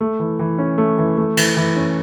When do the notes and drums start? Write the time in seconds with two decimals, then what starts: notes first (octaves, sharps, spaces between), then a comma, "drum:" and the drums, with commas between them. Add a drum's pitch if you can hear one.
0.01 A3
0.19 E3
0.39 E3
0.58 C#4
0.78 A3
0.99 E3
1.17 A3
1.37 E3, drum: cymbal
1.57 E3
1.76 C#4